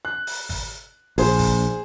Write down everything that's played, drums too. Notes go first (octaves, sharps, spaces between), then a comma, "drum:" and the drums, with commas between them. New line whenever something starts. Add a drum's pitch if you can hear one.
F#6
drum: open hi-hat
drum: kick, open hi-hat
A#1 G#4 C5, drum: open hi-hat
drum: kick, open hi-hat